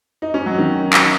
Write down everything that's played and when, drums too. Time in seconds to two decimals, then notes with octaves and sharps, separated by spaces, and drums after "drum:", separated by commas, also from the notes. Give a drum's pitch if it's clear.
0.22 D#4
0.34 C#4
0.46 F#3
0.58 D#3
0.93 drum: clap